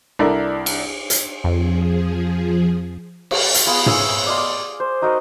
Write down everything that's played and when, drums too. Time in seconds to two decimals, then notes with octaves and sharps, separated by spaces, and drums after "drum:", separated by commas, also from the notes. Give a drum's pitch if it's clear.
0.19 C2 D4 E4 A4 A#4 D5
0.66 drum: cymbal
1.10 drum: hi-hat
1.44 F2 F3 G#4
3.31 drum: cymbal
3.54 drum: hi-hat
3.67 B3 F4 G#4 B4
3.86 G#4 C#5 E5 G#5, drum: tom
4.26 D5 D#5 F5 C6
4.38 D6
4.80 C5
5.02 D#4 F#4 A#4 D#5